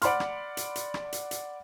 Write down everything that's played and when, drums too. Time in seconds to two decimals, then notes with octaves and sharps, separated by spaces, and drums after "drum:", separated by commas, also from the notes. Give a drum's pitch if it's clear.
0.02 D5 F#5 B5 C6 F6, drum: hi-hat
0.20 drum: rim click
0.57 drum: hi-hat
0.76 drum: hi-hat
0.94 drum: rim click
1.13 drum: hi-hat
1.31 drum: hi-hat